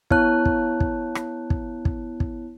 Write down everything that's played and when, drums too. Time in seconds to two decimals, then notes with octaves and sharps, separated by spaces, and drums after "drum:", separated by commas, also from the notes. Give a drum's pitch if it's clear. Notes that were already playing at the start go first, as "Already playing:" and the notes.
0.11 B3 E4 C#5 A5 F#6, drum: kick
0.45 drum: kick
0.80 drum: kick
1.15 drum: rim click
1.50 drum: kick
1.85 drum: kick
2.20 drum: kick